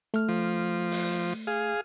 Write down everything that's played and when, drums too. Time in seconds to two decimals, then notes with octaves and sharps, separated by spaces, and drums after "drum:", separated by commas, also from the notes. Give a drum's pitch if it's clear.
0.14 A3 F6, drum: hi-hat
0.28 F3
0.91 drum: open hi-hat
1.47 G#4 F5